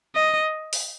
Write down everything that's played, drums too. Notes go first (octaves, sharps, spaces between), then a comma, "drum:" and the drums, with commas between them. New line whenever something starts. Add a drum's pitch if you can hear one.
D#5
drum: open hi-hat